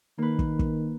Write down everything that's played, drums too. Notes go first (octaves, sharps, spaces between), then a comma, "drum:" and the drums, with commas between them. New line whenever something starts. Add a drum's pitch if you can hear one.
D#3 A#3 B4
drum: kick
drum: kick